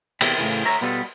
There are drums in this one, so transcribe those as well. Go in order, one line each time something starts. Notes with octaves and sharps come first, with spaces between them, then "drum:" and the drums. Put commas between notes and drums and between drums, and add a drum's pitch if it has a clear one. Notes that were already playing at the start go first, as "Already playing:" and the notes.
E2 C3 C4 D4 E4, drum: cymbal
A2 C#3 E3
D2 A#4 C#5 E5 A#5
B2 G3 B3 F4 A4 B4